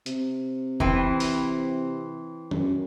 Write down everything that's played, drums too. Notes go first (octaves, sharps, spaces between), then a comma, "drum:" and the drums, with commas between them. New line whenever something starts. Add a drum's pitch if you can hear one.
C3, drum: hi-hat
E3 C4, drum: kick F1
drum: open hi-hat
F#2, drum: tom D#3